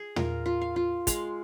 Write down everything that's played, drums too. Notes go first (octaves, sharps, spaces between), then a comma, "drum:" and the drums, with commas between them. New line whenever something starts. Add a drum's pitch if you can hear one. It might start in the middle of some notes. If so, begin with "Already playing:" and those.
Already playing: G#4
F4 A#4, drum: tom
F4
F5
F4
G#3 F5, drum: kick, hi-hat